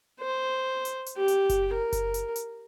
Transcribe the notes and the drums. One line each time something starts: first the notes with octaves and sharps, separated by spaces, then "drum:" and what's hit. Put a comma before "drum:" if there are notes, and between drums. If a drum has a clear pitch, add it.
C5
drum: hi-hat
drum: hi-hat
G4
drum: hi-hat
drum: kick F#1, hi-hat
A#4
drum: kick F#1, hi-hat
drum: hi-hat
drum: hi-hat